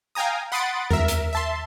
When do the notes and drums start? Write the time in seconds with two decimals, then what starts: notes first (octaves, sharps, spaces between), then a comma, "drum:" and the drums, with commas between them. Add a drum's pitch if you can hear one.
0.15 F5 G5 G#5 A#5 D#6
0.52 F#5 B5 C6 D#6 A6 D7
0.90 A#4 E5, drum: tom F2
1.08 drum: hi-hat
1.33 E5 A5 C6